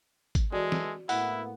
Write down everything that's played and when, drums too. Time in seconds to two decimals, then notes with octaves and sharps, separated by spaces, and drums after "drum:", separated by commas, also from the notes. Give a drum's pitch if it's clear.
0.35 drum: kick G#1, hi-hat
0.52 E3 G#3 F#4 A4 D5
0.72 drum: snare
1.09 A2 A#3 B3 E4 F#5, drum: open hi-hat